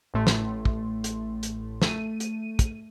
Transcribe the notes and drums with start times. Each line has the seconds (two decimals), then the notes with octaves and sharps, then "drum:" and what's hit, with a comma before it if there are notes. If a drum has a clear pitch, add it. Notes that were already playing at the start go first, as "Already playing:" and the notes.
0.14 A1 A2 A3 C6
0.27 drum: snare
0.65 drum: kick
1.04 drum: hi-hat
1.43 drum: hi-hat
1.82 A3 D#7, drum: snare
2.20 drum: hi-hat
2.59 drum: kick, hi-hat